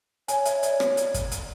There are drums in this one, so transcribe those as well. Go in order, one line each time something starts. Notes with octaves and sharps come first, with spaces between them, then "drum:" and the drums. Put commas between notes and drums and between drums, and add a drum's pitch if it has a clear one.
C#5 G#5, drum: hi-hat
E5, drum: hi-hat
D5, drum: hi-hat
drum: rim click
drum: hi-hat
drum: kick, hi-hat
drum: hi-hat